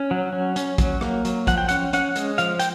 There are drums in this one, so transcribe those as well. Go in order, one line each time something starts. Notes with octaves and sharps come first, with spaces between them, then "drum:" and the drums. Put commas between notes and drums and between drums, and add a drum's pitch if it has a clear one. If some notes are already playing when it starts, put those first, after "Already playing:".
Already playing: C#4
F#3
C#4
C#4, drum: hi-hat
F#3, drum: kick, hi-hat
A#3, drum: rim click
F#3, drum: hi-hat
F3 F#5, drum: kick, hi-hat
G5
C#4 F#5, drum: hi-hat
C#4 F#5, drum: hi-hat
G#3, drum: hi-hat
F3 F5, drum: hi-hat
G5, drum: hi-hat